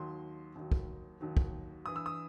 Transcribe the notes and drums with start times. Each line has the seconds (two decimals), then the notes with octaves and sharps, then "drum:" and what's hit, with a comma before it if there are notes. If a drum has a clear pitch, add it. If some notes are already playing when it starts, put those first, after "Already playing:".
Already playing: D#2 D#3 F#3 C6
0.55 D#2 D#3 F#3
0.72 drum: kick
1.21 D#2 D#3 F#3
1.37 drum: kick
1.85 G2 E3 D#6
1.96 E6
2.06 D#6